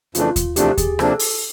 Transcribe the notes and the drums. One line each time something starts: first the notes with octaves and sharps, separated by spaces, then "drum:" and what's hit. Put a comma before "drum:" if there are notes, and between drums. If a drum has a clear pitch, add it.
F2 C#3 E3 A3 D4 F4, drum: hi-hat
drum: kick D#2, hi-hat
E2 C3 F3 A3 D4 G4, drum: hi-hat
G#4, drum: kick D#2, hi-hat
C3 F3 A#3 D4 A4, drum: rim click
drum: open hi-hat